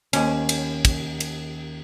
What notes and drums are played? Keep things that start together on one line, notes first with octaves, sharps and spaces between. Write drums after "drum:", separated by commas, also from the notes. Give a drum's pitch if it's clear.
D#2 C#4, drum: cymbal
drum: cymbal
drum: kick, cymbal
drum: cymbal